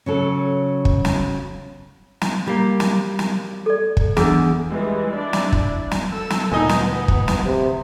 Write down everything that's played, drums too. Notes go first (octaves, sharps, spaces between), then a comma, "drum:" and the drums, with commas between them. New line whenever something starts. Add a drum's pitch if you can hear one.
C#3 F#3 A4
drum: kick
drum: snare
drum: snare
G3 A#3
drum: snare
drum: snare
A4 D5
drum: kick
E2 D4 G#4, drum: snare
E3 G3 G#3
D4 E4 D5
drum: snare
drum: kick
drum: snare
A4 E6
drum: snare
D2 A#2 B3 D#4 D#5 G#5
drum: snare
drum: kick
drum: snare
C3